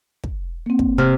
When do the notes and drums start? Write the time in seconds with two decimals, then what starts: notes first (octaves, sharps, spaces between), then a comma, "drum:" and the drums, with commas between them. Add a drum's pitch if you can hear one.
0.24 drum: kick
0.66 A#3 C4
0.79 drum: kick
0.98 C3 F6